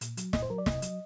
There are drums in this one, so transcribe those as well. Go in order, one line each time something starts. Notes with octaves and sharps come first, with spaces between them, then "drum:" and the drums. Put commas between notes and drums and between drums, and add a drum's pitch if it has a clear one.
A#2, drum: hi-hat
F#3, drum: hi-hat
A#2 D#5, drum: snare
C5
F#3 A#4
D5
C3 D#5, drum: snare
F#3, drum: hi-hat